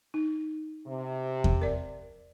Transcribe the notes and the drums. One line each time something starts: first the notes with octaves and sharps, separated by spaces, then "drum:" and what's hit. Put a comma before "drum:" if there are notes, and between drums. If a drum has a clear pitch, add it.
D#4
C3
drum: kick E2
A#4 D5